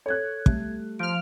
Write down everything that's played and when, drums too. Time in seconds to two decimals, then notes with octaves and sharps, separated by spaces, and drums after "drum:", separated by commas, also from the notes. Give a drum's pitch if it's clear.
0.06 A4 C#5 F#6 G#6
0.46 G3 A3, drum: kick
0.99 F3 F6 D7